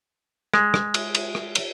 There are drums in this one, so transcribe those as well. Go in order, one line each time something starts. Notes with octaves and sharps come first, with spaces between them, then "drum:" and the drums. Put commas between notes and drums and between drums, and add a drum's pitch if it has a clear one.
G#3, drum: rim click
drum: rim click
drum: cymbal
drum: cymbal
drum: rim click
drum: cymbal